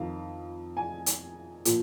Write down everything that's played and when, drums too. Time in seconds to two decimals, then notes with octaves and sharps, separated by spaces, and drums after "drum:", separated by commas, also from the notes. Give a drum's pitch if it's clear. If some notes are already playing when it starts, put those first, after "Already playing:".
Already playing: F2 D#3 F5
0.77 G#5
1.06 drum: hi-hat
1.65 A#2 F3, drum: hi-hat